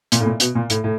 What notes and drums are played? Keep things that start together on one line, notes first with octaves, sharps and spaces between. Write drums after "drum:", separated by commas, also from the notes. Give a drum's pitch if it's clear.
A#2, drum: hi-hat
A2
A#2
B2, drum: hi-hat
A#2
A2, drum: hi-hat
A2